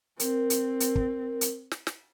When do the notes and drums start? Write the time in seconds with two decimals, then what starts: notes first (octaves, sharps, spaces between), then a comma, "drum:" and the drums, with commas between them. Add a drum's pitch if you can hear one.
0.20 C4 A#4, drum: hi-hat
0.50 drum: hi-hat
0.80 drum: hi-hat
0.96 drum: kick
1.41 drum: hi-hat
1.71 drum: snare
1.87 drum: snare